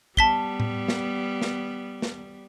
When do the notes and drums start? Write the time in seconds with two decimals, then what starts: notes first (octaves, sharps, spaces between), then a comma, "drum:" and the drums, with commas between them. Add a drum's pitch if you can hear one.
0.17 G3 B3 A5 B6 G7, drum: kick
0.60 drum: tom A2
0.88 drum: snare
1.42 drum: snare
2.02 drum: snare